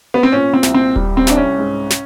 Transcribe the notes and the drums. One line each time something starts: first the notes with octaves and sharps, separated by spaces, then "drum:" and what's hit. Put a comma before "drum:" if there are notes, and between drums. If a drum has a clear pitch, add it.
B3
C4
A#2 C#4
C4
C2, drum: snare
C4
G3, drum: kick D#1
C4
C2 D4, drum: snare
C#4
G#2
drum: snare